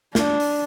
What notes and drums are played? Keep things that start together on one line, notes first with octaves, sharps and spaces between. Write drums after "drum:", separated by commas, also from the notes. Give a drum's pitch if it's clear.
D4, drum: snare
drum: open hi-hat